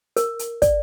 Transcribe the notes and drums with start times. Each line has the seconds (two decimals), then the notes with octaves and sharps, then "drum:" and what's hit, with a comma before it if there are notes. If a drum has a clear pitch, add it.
0.17 A#4, drum: hi-hat
0.39 drum: hi-hat
0.62 D5, drum: kick, hi-hat